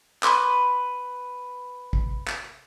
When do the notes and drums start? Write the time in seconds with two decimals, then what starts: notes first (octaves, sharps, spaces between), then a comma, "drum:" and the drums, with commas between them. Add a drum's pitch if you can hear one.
0.23 B4 B5 C6 D6, drum: clap
1.93 drum: kick A1
2.28 drum: clap